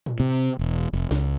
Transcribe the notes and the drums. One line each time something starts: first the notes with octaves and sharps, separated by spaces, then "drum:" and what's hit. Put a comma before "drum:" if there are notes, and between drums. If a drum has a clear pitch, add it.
drum: tom A2
C3
E1
F1
C#2, drum: snare